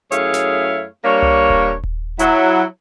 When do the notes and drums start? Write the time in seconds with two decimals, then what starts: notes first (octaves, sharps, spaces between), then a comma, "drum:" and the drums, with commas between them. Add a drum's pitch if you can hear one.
0.12 F#2 A3 E4 G#4 C#5 F5, drum: hi-hat
0.34 drum: snare
1.05 G3 A#3 D4 C#5
1.22 drum: tom C2
1.50 drum: kick D#1
1.84 drum: kick D#1
2.19 F#3 E4, drum: hi-hat